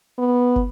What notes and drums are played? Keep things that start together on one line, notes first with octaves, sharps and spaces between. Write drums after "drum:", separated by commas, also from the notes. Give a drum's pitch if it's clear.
B3
drum: kick